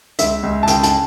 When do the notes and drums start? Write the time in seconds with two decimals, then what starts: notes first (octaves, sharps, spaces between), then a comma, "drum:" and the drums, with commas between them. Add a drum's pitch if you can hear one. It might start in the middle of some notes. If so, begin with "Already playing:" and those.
0.19 C#2 E5, drum: hi-hat
0.43 C#2
0.63 A5
0.67 C#3 G5, drum: hi-hat
0.83 A5, drum: hi-hat